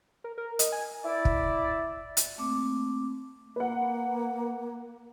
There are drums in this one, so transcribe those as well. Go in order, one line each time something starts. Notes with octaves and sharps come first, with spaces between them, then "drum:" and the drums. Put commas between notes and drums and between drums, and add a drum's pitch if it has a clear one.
A#4
A#4
D#5, drum: hi-hat
G#5
E4 D5
drum: kick
drum: hi-hat
A3 A#3 C4 D6
A#3 B4 F#5